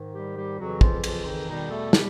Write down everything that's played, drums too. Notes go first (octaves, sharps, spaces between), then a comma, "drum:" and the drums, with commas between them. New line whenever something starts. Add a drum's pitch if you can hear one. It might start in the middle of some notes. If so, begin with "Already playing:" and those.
Already playing: G#2 D#3
G3 G4
G3 G4
F2 C#3 E3 F#3 F#4
F3 F4, drum: kick
F3 F4, drum: cymbal
D#3 D#4
E2 B2 D#3 G3 D#4
A3 A4
G3 G4, drum: snare